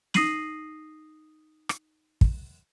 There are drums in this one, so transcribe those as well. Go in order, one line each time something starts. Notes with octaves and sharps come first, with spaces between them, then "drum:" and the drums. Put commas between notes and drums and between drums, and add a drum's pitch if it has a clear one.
D#4 D#6 A#6 C7 D#7 F#7, drum: snare
drum: rim click
drum: kick